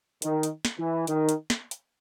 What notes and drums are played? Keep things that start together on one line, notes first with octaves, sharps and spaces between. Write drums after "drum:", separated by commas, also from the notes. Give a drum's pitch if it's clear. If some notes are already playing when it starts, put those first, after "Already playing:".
D#3, drum: hi-hat
drum: hi-hat
drum: snare
E3
D#3, drum: hi-hat
drum: hi-hat
drum: snare
drum: hi-hat